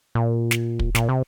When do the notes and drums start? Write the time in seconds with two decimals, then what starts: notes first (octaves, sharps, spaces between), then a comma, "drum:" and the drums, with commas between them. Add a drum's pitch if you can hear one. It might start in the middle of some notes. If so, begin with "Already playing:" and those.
0.15 A#2
0.51 drum: snare
0.79 drum: kick
0.95 A#2, drum: snare
1.09 C3